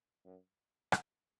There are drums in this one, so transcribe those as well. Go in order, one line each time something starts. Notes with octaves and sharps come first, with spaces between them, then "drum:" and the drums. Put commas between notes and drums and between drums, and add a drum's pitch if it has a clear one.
F#2
drum: rim click